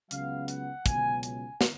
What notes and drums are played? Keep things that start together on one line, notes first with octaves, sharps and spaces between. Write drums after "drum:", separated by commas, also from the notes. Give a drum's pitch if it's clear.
C#2 C#3 F#3 B3 F5, drum: hi-hat
F#5, drum: hi-hat
C#2 B2 F#3 C#4 G#5, drum: kick, hi-hat
G#5, drum: hi-hat
drum: snare